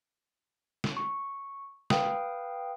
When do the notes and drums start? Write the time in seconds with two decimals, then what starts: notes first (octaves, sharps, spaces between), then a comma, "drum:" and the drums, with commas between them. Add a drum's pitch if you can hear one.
0.84 drum: snare
0.97 C#6
1.90 B4 F5 G5 D#6, drum: snare